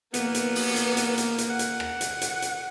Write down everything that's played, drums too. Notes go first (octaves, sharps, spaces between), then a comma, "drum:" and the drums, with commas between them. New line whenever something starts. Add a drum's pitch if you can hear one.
A#3 B3, drum: hi-hat
drum: hi-hat
drum: open hi-hat
drum: hi-hat
drum: hi-hat
drum: hi-hat
drum: hi-hat
F#5
drum: hi-hat
drum: rim click
drum: hi-hat
drum: hi-hat
drum: hi-hat